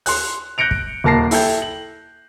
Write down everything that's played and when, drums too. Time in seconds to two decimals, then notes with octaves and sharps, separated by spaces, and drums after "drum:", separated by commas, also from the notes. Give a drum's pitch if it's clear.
0.06 C6 F#6, drum: open hi-hat
0.58 F#6 G6 A#6 C#7 D7 F7
0.71 drum: kick
1.04 D#1 A#4 A5 A#6 C7
1.31 E4 A4 G5 G6, drum: open hi-hat
1.62 F#7